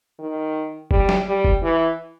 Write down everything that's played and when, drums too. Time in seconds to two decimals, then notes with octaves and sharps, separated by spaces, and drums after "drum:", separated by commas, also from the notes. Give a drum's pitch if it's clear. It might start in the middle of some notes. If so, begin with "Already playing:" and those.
0.19 D#3
0.91 G3, drum: kick F1
1.09 drum: snare
1.27 G3
1.45 drum: kick F1
1.63 E3